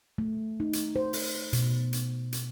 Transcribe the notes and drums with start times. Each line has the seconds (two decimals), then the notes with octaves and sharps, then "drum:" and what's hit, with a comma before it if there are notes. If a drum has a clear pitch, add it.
0.18 A3
0.60 D#4
0.73 drum: hi-hat
0.96 C5
1.13 drum: open hi-hat
1.53 B2, drum: hi-hat
1.93 drum: hi-hat
2.32 drum: hi-hat